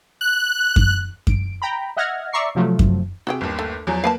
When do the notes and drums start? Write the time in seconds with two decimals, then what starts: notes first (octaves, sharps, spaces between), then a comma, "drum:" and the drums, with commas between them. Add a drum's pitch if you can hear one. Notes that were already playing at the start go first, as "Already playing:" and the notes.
0.21 F#6
0.76 drum: kick F#2
1.27 D7, drum: kick F#2
1.62 G5 A#5 B5
1.97 D#5 E5 F#5 F6 G#6 A#6
2.33 D5 E5 A#5 C#6 C7
2.55 C3 F3 F#3 A3
2.79 drum: kick F#2
3.27 C3 F#4 G#4 G5
3.41 G1 D#2
3.59 A3
3.87 E2 F3 F#3
4.04 A#3 B4 F5 G#5 A5